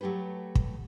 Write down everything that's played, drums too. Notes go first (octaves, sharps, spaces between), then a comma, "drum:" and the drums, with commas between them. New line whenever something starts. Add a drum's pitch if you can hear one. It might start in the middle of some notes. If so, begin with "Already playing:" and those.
F#3 A3 G4 A4 B4
drum: kick